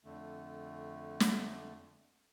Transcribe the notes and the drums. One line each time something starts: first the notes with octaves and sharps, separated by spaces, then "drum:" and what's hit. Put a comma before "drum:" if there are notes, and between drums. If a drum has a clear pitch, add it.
F2 D3 A3
drum: snare